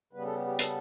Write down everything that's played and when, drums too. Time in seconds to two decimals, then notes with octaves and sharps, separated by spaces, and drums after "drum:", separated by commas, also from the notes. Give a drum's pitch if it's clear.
0.13 C#3 G3 B3 B4
0.25 A4
0.36 G4
0.48 G4
0.59 A4, drum: hi-hat